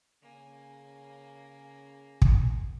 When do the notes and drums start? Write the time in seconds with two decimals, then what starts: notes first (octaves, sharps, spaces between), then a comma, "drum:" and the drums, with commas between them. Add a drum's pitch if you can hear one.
0.23 C#3 A#3 G#5
2.22 drum: kick